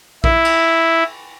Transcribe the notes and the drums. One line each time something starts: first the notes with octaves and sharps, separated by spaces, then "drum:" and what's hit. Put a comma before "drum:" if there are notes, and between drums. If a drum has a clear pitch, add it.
E4, drum: kick A#1
drum: cymbal